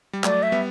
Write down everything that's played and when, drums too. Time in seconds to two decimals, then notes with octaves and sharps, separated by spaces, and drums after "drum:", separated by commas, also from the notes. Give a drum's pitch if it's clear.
0.13 G3
0.24 F#3 A3 D5, drum: clap
0.43 E5
0.52 G3 B3